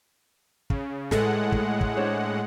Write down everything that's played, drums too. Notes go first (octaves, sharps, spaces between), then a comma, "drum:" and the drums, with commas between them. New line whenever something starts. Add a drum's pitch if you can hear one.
C#3, drum: kick
A2 G#3 A4 B4 F#5, drum: snare
drum: kick
drum: kick
D4 C5 C#5